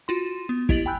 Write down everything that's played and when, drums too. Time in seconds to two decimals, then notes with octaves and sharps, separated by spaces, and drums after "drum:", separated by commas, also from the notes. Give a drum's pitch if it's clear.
0.08 F4 F#4 C6
0.49 B3
0.69 E4 G4 D#5 A6 D7 F#7, drum: kick
0.86 G5 G#5 B5 E6 F#6 G6